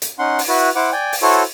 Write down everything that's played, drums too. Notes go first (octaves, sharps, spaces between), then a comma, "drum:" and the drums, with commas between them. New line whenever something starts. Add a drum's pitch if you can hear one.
drum: hi-hat
C#4 D#4 F#5 C6
drum: open hi-hat
E4 F#4 B4
E4 C5 F#5 D6
D5 G5 G#5
drum: open hi-hat
E4 F#4 A4 C5 C#5